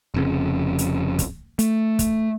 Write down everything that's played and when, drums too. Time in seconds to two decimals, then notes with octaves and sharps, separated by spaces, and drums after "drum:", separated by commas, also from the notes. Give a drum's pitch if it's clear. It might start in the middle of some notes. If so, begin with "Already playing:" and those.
0.14 F1 F2 C#3
0.79 drum: hi-hat
1.19 drum: kick, hi-hat
1.59 A3, drum: hi-hat
1.99 drum: kick, hi-hat